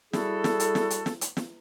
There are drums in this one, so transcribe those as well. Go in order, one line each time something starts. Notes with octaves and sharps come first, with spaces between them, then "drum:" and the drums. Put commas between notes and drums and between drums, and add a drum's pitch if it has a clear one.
G3 E4 F#4 G#4 A4, drum: snare
drum: snare
drum: hi-hat
drum: snare
drum: hi-hat
drum: snare
drum: hi-hat
drum: snare